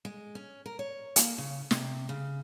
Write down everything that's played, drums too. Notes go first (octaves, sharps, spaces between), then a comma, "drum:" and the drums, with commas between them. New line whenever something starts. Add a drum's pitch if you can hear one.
G#3
C#4
A#4
C#5
A#3, drum: hi-hat
C#3
C3, drum: snare
C#3